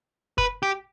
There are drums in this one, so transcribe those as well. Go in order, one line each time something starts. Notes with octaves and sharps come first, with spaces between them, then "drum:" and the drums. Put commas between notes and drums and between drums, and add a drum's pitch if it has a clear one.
B4, drum: kick F#1
G4